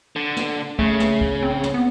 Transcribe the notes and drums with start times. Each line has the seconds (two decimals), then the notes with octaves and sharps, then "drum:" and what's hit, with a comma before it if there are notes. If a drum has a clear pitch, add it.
0.16 D3
0.37 drum: snare
0.79 C#3 A3, drum: kick
1.00 drum: snare
1.21 drum: kick
1.43 C4
1.63 drum: snare
1.74 B3